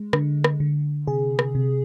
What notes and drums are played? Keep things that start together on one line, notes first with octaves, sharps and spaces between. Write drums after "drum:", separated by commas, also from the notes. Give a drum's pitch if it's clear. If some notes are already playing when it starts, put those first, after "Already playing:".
Already playing: G#3
D3, drum: rim click
drum: rim click
D3
C3 G#4
drum: rim click
C3